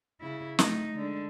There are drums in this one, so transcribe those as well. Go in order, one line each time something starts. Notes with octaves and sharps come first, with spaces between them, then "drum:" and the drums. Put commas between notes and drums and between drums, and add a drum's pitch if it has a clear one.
C#3 E4
A3 D#4, drum: snare
D3 G#3